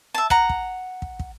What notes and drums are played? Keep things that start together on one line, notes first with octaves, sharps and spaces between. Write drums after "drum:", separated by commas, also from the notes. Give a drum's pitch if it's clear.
E5 A5
F#5 A#5, drum: kick
drum: kick
drum: kick
drum: kick